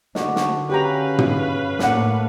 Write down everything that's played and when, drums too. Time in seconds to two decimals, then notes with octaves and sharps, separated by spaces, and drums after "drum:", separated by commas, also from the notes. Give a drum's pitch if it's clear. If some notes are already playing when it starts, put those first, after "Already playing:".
0.15 D3 D4 F#4 A4 D#5, drum: snare
0.36 drum: snare
0.70 C#3 G4 B4 F5 G5 A#5
1.18 drum: tom
1.79 A2 A#3 D4 A4 A#4 F#5, drum: snare